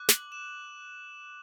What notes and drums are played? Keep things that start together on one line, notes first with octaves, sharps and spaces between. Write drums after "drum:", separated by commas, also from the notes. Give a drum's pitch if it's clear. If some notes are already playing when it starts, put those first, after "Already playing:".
Already playing: D6 F#6
F#7, drum: snare
E7